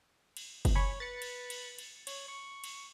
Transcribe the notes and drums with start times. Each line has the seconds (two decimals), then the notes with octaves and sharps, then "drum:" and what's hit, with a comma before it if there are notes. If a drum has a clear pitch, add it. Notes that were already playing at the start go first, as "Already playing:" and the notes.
0.37 drum: cymbal
0.65 drum: kick, cymbal
0.75 C#5 G#5 B5 C#6
1.00 B4 A6 C#7
1.22 drum: cymbal
1.50 drum: cymbal
1.78 drum: cymbal
2.07 C#5, drum: cymbal
2.28 C#6
2.64 drum: cymbal